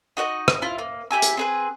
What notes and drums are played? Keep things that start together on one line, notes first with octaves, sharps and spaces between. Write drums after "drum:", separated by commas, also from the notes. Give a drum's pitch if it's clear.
D#4 F#4 C5 D#5
drum: rim click
E4 F4
A#3
E4 G4 G#5 E6
drum: hi-hat
C4 G#4 B4